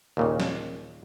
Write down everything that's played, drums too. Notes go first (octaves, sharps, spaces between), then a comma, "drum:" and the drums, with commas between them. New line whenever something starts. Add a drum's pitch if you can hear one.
D#2 A#2 C#3
drum: snare